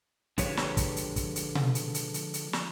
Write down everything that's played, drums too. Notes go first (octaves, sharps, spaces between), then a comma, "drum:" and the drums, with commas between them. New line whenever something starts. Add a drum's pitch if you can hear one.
D3 F3 G#3 G4 B4 C#5, drum: kick, hi-hat
drum: snare
drum: kick, hi-hat
drum: hi-hat
drum: kick, hi-hat
drum: hi-hat
drum: tom B2
drum: hi-hat
drum: hi-hat
drum: hi-hat
drum: hi-hat
drum: snare